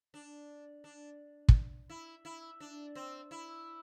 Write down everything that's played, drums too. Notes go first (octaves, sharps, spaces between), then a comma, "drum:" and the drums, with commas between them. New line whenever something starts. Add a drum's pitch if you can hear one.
D4
D4
drum: kick
E4
E4
D4
C4
E4